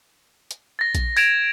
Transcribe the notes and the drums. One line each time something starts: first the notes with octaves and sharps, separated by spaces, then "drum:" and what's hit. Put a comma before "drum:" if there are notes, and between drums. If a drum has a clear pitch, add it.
drum: hi-hat
A6 A#6
drum: kick A#1, hi-hat
G#6 A6 D7 E7 F7, drum: open hi-hat